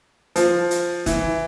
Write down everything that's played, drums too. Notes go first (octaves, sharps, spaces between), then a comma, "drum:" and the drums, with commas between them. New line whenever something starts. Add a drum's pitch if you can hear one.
F3, drum: hi-hat
drum: hi-hat
E3, drum: kick E1, hi-hat